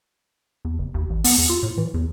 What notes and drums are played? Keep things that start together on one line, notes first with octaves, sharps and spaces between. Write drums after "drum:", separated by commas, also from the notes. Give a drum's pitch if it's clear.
E2
F#1
D#2
A1
B3, drum: open hi-hat
E2
F4
A2
E3
E2